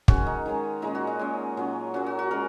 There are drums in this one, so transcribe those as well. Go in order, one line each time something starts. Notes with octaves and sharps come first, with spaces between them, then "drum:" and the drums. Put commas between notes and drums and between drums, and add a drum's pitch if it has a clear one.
D#3 G#3 C#4 F#4, drum: kick
D#4
D#3 G#3 C#4
A#2 G#3 C#4 D#4
F#4
D#4
A#2 G#3 C#4
A#2 F#3 C#4
A#2 F#3 C#4 F#4
F#4
F#4
G#3 C#4 A#4